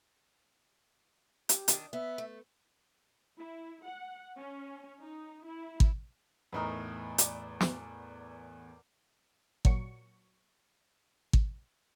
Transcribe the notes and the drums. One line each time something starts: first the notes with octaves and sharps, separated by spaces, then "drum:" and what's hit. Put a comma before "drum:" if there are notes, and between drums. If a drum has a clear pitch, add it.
G4, drum: hi-hat
D#3 D4, drum: hi-hat
B3 E5
A3
E4
F#5
C#4
D#4
E4
drum: kick
E2 A2 A3 B3 D#4 A#4
D5, drum: hi-hat
drum: snare
A#2 F#3 C#6, drum: kick
drum: kick